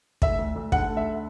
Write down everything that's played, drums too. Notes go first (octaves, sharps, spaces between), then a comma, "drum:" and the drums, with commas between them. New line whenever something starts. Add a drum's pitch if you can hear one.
A3 E5, drum: kick
D2
D2
D3 F#5, drum: kick
A3
E5